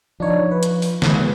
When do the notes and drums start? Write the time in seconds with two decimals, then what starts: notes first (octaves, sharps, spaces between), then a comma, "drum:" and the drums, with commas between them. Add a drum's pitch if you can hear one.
0.20 F3 D4 D#4 C#5
0.51 B4
0.63 drum: hi-hat
0.82 drum: open hi-hat
1.02 G#3, drum: snare